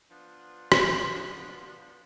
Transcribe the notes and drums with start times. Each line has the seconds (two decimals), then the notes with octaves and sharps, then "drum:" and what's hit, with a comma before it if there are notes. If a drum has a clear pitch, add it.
0.11 F3 B3 D4
0.72 drum: rim click